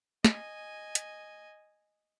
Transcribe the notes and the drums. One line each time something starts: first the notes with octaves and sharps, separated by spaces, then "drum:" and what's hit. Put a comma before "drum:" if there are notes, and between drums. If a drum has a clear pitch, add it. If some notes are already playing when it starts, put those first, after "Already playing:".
D#5 G#5, drum: snare
drum: hi-hat